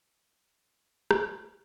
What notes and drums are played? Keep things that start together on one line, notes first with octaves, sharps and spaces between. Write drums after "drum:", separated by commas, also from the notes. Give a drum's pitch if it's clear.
G2 A#2 D3 F#3
drum: rim click